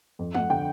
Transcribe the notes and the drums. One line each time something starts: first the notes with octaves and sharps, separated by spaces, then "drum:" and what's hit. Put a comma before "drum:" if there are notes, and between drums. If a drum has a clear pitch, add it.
F2
F2 F#5, drum: tom G#3
D3 G5